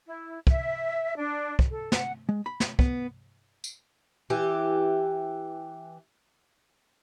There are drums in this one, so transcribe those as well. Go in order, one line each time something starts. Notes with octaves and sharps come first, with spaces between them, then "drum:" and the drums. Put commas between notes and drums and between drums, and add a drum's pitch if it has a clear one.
E4
E5, drum: kick
D4
drum: kick
A4
F#5, drum: snare
G#3
B5
drum: snare
B3, drum: kick
drum: tambourine
E3 G4